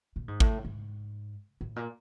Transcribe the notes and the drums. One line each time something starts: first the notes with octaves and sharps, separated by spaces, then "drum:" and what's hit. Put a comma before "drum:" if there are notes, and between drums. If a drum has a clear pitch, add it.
A#2
G#2
A2, drum: kick G#1
G#2
A2
A#2